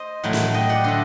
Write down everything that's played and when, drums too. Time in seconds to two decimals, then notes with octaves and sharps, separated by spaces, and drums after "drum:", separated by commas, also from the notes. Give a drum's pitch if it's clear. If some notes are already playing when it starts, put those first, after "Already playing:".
Already playing: C5 D#5
0.24 A2 F#3 A3
0.33 drum: snare
0.54 D#5 G5
0.69 D5 F#5
0.84 D3 A3 C5 D#5